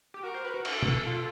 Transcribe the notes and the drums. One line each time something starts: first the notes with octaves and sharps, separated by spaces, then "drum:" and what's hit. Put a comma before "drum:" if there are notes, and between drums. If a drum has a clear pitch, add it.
G4
F#4 A#4
C5
B4
F#4
A4, drum: cymbal
drum: tom
F4